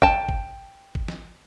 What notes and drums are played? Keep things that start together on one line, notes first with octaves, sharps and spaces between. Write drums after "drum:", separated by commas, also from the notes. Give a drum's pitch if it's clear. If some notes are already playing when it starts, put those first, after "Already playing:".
G5 A5, drum: kick G#1
drum: kick G#1
drum: kick G#1
drum: snare